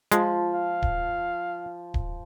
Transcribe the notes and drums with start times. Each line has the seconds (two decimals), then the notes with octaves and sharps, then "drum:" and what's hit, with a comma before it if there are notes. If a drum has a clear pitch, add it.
0.12 F3 G#3, drum: hi-hat
0.54 F5
0.82 drum: kick D1
1.94 drum: kick D1